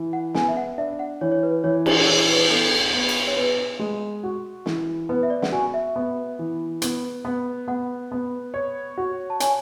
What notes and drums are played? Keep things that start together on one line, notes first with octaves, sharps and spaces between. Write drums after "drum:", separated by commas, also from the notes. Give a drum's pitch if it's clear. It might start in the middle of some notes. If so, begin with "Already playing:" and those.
Already playing: E3
F#5
B3 G#5, drum: snare
E5
F#5
D4 E5
F#5
E3 C#5
C#5
B4
E3 C#5
D5, drum: cymbal
E3 C#5
B4
B3 A4
B3
drum: cymbal
C#5
B3 B4
G#3
F#4
E3, drum: snare
B3 B4
E5
D5
F#5, drum: snare
F#4 G#5
E5
B3
E3
B3, drum: hi-hat
B3
B3 F#5
B3
C#5
F#4
A5
C#5 G#5, drum: hi-hat